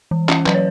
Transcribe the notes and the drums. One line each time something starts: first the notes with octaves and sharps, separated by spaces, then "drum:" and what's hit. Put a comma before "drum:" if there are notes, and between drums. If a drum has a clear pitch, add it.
E3
C#4, drum: clap
F#3 B4, drum: clap
C#5